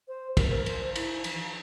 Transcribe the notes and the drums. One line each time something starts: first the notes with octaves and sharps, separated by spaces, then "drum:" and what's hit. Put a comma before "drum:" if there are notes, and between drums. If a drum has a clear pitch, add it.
C5
A#4, drum: kick, cymbal
C5
A#4
C5, drum: cymbal
C5
E4, drum: cymbal
F3, drum: cymbal
E3
F3